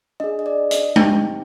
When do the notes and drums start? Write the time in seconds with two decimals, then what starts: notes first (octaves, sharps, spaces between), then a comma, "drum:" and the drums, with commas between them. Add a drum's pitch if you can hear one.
0.20 D4 G#4 D#5
0.39 D#5
0.46 D5
0.71 D#5, drum: hi-hat
0.96 C4 D#4 G4 G5, drum: tom G#3